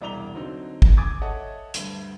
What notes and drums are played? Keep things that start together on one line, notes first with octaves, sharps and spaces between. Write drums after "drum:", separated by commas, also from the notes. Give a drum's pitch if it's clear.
E1 C2 D5 A#5 F7 G7
D3 F#3 C4 D#4
drum: kick
G#5 D6 D#6 G#6 A6
A4 C#5 D#5 E5 F#5 A5
D2 G2 D3, drum: hi-hat